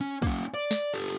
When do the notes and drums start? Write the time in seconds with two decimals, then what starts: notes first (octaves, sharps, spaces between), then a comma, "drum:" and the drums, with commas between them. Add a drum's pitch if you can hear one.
0.01 C#4
0.22 A#3 C#4, drum: kick
0.54 D5
0.71 drum: snare
0.94 G4 A4